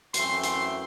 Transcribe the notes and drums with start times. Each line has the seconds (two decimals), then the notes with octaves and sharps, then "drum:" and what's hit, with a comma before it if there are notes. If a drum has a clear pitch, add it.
0.14 F#2 E3 A3 C4 C6, drum: hi-hat
0.43 C6, drum: hi-hat